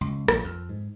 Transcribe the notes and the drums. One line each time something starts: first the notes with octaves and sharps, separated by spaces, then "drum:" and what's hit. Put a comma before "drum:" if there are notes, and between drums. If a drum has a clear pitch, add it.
C#2
A#1, drum: rim click
F2
G#2